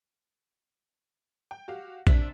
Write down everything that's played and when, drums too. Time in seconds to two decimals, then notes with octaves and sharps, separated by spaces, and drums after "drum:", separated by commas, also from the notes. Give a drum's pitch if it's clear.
1.51 G5
1.68 F#4 G4 F5
2.07 C3 D4 B6, drum: kick A#1